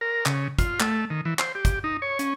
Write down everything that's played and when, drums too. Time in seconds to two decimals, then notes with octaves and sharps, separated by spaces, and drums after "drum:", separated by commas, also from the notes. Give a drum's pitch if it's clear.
0.01 A#4
0.26 C#3, drum: clap
0.59 F4, drum: kick, hi-hat
0.80 A3, drum: clap
1.10 D#3
1.25 E3
1.39 C5, drum: clap
1.55 G4
1.65 drum: kick, hi-hat
1.84 D#4
2.02 C#5
2.19 C#4, drum: hi-hat